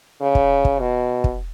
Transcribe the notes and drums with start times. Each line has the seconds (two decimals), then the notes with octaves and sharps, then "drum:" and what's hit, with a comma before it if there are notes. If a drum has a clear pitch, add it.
0.21 C#3
0.35 drum: kick
0.65 drum: kick
0.80 B2
1.24 drum: kick